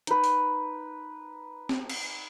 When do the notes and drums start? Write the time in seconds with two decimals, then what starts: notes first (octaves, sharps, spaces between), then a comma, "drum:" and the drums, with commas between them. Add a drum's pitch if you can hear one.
0.07 D#4 B4, drum: hi-hat
0.24 drum: open hi-hat
1.69 drum: snare
1.89 drum: cymbal